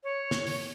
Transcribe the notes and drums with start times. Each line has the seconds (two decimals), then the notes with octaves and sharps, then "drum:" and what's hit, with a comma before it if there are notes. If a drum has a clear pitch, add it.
0.04 C#5
0.31 drum: snare
0.47 drum: open hi-hat